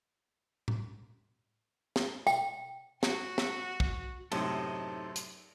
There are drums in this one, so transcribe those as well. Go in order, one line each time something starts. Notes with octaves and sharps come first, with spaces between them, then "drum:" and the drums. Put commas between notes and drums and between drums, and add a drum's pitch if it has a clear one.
drum: tom A2
drum: snare
G5, drum: tambourine
F#4, drum: snare
drum: snare
drum: kick
F#2 A2 C3 D#4 A4 C5 D#5 A5, drum: cymbal
drum: hi-hat